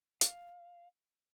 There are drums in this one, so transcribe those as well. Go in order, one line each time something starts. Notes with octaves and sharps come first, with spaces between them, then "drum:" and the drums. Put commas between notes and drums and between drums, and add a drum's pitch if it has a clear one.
F5, drum: hi-hat